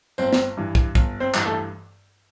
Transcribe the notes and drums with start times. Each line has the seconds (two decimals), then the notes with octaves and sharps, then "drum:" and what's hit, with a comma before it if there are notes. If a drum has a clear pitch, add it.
0.18 G1 C4 C5, drum: tambourine
0.33 drum: snare
0.57 G2 E3
0.75 drum: kick
0.95 G1, drum: kick
1.20 C4 C5
1.34 G2 E3, drum: clap
1.46 A3 A4